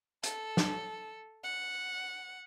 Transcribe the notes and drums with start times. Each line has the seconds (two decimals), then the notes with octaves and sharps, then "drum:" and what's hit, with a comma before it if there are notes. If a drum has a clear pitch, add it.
0.23 A4, drum: hi-hat
0.57 drum: snare
1.44 F#5